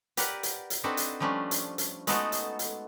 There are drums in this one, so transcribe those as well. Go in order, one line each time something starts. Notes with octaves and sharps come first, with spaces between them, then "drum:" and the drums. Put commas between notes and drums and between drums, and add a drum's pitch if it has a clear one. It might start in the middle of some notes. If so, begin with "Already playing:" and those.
G4 A#4 B4 D5 F#5, drum: hi-hat
drum: hi-hat
drum: hi-hat
C4 D4 D#4 F#4 A4 B4
drum: hi-hat
F3 G3 A3 C#4 D4
drum: hi-hat
drum: hi-hat
G#3 A3 B3 D#4 F#4 A4, drum: hi-hat
drum: hi-hat
drum: hi-hat